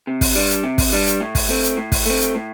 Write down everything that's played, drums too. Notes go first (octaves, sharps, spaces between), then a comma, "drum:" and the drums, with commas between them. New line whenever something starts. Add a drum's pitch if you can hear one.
C3
drum: kick, open hi-hat
G3 D4
drum: hi-hat
C3
drum: kick, open hi-hat
G3 D4
drum: hi-hat
A2
drum: kick, open hi-hat
A3 C4
drum: hi-hat
A2
drum: kick, open hi-hat
A3 C4
drum: hi-hat
A2